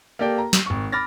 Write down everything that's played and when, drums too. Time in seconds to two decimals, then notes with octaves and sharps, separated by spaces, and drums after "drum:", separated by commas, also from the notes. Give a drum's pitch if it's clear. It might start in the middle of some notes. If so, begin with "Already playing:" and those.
0.19 A#3 G4 A4 D5 G5
0.38 A#5
0.53 drum: snare
0.66 G#1 C#6
0.92 B5 D6 F6 A6 A#6